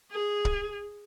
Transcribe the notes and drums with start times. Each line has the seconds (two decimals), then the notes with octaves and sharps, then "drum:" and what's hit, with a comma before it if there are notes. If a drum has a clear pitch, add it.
0.11 G#4
0.45 drum: kick